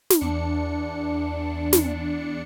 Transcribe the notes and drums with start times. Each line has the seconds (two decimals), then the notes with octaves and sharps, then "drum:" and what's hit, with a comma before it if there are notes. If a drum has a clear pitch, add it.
0.10 drum: snare
0.21 E2 D4 C#7
1.73 drum: snare